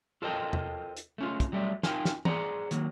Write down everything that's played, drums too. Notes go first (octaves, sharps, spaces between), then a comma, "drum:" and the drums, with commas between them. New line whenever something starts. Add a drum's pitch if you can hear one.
F4 A4 A#4 C5 D#5 G5
drum: tom E2
drum: hi-hat
A3 C#4 F4
drum: kick, hi-hat
F#3 G3 A3 D5 E5
D#4 F4 A#4 F5 G5 G#5, drum: snare
drum: snare
G#4 B4 C5 D5 F#5 A#5, drum: tom E3
D#3 F#3 A#3, drum: hi-hat